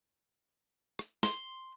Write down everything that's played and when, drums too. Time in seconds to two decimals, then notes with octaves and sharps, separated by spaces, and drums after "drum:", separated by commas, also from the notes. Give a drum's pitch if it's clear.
0.99 drum: rim click
1.23 C6, drum: snare